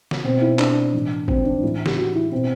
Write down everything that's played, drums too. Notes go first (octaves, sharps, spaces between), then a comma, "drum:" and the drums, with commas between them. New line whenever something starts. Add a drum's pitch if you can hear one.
drum: snare
B2 C4
E4
D4, drum: clap
A2 E3
C4, drum: kick
D4
A2 E3 E4
G4, drum: snare
F#4
E4
B2 C4